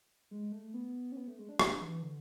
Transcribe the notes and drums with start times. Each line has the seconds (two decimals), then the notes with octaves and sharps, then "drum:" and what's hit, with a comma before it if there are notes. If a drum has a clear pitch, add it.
0.31 G#3
0.52 A3
0.74 B3
1.12 C#4
1.17 B3
1.27 A3
1.39 G#3
1.49 D4
1.59 D4, drum: rim click
1.81 E3
2.02 D3